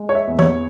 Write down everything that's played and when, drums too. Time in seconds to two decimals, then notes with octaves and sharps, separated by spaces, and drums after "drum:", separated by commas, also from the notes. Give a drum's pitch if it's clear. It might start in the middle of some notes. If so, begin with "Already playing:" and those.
Already playing: G#3
0.09 C#5
0.15 E5
0.27 E2
0.39 C#5, drum: tom